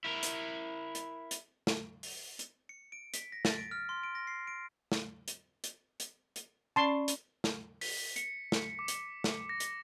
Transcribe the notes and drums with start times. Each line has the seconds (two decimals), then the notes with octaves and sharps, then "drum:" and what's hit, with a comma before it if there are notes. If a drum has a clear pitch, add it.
0.04 E4 A#4
0.23 drum: hi-hat
0.95 drum: hi-hat
1.31 drum: hi-hat
1.67 drum: snare
2.03 drum: open hi-hat
2.39 drum: hi-hat
2.69 C#7
2.92 D7
3.14 B6, drum: hi-hat
3.32 A#6
3.45 A6, drum: snare
3.58 D7
3.71 F6
3.89 C6
4.03 D7
4.15 A#6
4.27 C7
4.47 D7
4.92 drum: snare
5.28 drum: hi-hat
5.64 drum: hi-hat
6.00 drum: hi-hat
6.36 drum: hi-hat
6.76 C#4 D5 A5 B5 C6
7.08 drum: hi-hat
7.44 drum: snare
7.81 B6, drum: open hi-hat
8.16 C#7, drum: hi-hat
8.52 drum: snare
8.79 D6
8.88 drum: hi-hat
9.24 drum: snare
9.49 A#6
9.60 drum: hi-hat